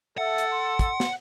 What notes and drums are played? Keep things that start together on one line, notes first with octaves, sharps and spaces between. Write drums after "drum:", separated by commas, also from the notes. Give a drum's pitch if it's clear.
A4 E5 F#5
drum: hi-hat
C6
drum: kick, hi-hat
drum: snare